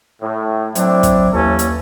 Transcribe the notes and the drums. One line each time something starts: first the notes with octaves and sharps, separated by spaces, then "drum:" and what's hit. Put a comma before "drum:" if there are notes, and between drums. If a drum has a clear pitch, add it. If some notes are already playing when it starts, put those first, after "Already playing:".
A2
F#3 C4 D4 E4, drum: hi-hat
drum: kick, hi-hat
D#2 E3 C#4 A4
drum: hi-hat